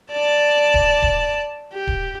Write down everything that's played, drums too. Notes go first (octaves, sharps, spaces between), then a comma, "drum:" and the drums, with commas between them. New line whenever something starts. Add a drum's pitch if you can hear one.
D5 A5
drum: kick D1
drum: kick D1
G4
drum: kick D1